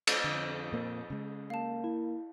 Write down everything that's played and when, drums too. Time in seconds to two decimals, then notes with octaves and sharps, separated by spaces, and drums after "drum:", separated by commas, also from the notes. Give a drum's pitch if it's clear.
0.07 drum: cymbal
0.24 F2 D3 D#6
0.72 A#2 A#3 C4
1.10 C#3 G#3
1.50 A#3 F5 A5
1.84 E4